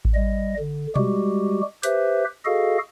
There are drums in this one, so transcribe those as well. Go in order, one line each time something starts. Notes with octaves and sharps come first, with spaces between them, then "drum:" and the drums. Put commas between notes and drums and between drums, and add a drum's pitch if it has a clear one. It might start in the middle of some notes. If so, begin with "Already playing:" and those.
drum: kick A1
G3 D#5
D3
G3 G#3 F#4 G4, drum: tom B2
G4 B4 C5 E5, drum: hi-hat
F#4 G#4 A4 D#5 F5